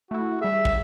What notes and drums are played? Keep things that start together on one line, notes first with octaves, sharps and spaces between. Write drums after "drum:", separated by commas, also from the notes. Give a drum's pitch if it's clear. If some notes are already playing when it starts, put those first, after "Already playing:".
A3 E4 F#4
G3 G#4 E5
drum: kick